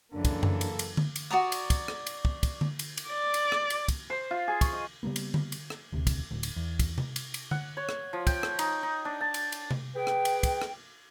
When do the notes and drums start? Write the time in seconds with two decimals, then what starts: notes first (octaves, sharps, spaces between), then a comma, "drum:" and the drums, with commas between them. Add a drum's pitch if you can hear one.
0.12 F#2 C#3 E3 A#3 D4 A4
0.25 drum: kick, cymbal
0.43 drum: tom F#2
0.61 drum: cymbal
0.79 drum: cymbal
0.97 drum: tom D3
1.16 drum: cymbal
1.31 F#4 D5 A#5 D#6
1.52 drum: cymbal
1.70 drum: kick, cymbal
1.88 drum: rim click
2.07 drum: cymbal
2.25 drum: kick
2.43 drum: kick, cymbal
2.61 drum: tom D3
2.79 drum: cymbal
2.98 drum: cymbal
3.09 D5
3.34 drum: cymbal
3.52 drum: rim click
3.70 drum: cymbal
3.88 drum: kick, cymbal
4.10 C5
4.31 F4
4.48 G#4
4.61 C#6, drum: kick, cymbal
4.73 D#5
5.03 C#3 G3 A#3 B3
5.16 drum: cymbal
5.34 drum: tom D3
5.52 drum: cymbal
5.70 drum: rim click
5.92 D#1 D2 C3
6.07 drum: kick, cymbal
6.31 D1 D2
6.43 drum: cymbal
6.56 E2
6.80 drum: kick, cymbal
6.98 drum: tom C3
7.16 drum: cymbal
7.34 drum: cymbal
7.51 F#5, drum: tom D3
7.77 C#5
7.89 drum: rim click
8.13 F3
8.27 G5, drum: kick, cymbal
8.43 drum: rim click
8.59 D#4, drum: cymbal
8.83 D#4
9.05 D4
9.21 A5
9.34 drum: cymbal
9.52 drum: cymbal
9.71 drum: tom C3
9.96 G#4 B4 G5
10.07 drum: rim click
10.25 drum: cymbal
10.43 drum: kick, cymbal
10.62 drum: rim click